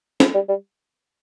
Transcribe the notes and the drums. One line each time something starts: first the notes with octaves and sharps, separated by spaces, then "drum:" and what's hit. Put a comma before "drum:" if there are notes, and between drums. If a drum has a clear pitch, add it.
F3, drum: snare
G3
G3